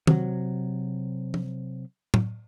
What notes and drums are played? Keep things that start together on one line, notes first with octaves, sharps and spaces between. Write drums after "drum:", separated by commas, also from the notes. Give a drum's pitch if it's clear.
C3 F#3, drum: tom
drum: tom
drum: tom A2